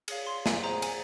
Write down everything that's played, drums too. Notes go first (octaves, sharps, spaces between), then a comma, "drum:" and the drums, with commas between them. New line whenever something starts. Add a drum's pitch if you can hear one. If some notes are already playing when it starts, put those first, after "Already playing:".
G#4 C#5 F5, drum: cymbal
C6
G#5, drum: snare
G#4 C5 F#5 A#5
G#5, drum: cymbal